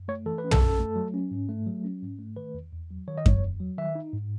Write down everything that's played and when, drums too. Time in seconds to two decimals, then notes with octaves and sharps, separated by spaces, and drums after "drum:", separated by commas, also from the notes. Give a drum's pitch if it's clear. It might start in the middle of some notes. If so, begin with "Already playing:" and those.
Already playing: F#2
0.08 A3 C#5
0.26 E3 A4
0.38 B4
0.44 C#4
0.51 A4, drum: tom
0.61 F#2
0.79 A3
0.96 F#3
1.14 C#4
1.31 G#2
1.49 A3
1.67 F#3
1.84 C#4
2.02 G#2
2.19 A3
2.36 D#3 B4
2.54 E2
2.72 E2
2.90 F#3
3.08 D#3 C#5
3.18 D#5
3.26 E2 C#5, drum: kick F#2
3.43 E2
3.60 F#3
3.78 D#3 E5
3.95 D#4
4.13 G#2